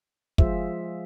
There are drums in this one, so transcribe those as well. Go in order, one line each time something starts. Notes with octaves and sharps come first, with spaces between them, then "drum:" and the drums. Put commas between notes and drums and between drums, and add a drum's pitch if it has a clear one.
F3 G#3 F4 G#4 C5 E5, drum: kick